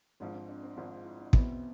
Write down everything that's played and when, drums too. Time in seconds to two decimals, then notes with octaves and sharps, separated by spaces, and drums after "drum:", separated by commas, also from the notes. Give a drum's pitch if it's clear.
0.20 G#1 G#2 F3 D4
0.35 C4
0.49 D4
0.63 C4
0.77 G#1 G#2 F3 D4
0.91 F4
1.05 E4
1.19 D4
1.33 E2 B2 B3 C4 E4 B4, drum: kick